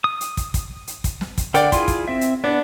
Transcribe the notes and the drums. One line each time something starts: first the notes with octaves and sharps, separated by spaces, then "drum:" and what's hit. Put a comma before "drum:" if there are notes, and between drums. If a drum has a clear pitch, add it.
D#6
drum: hi-hat
drum: kick, hi-hat
drum: kick, hi-hat
drum: hi-hat
drum: kick, hi-hat
drum: snare
drum: kick, hi-hat
D3 A#4 D5 F#5 G5, drum: hi-hat
E4 F4 G#4 C6, drum: kick, hi-hat
drum: kick, hi-hat
C4 E5
drum: hi-hat
B3 D4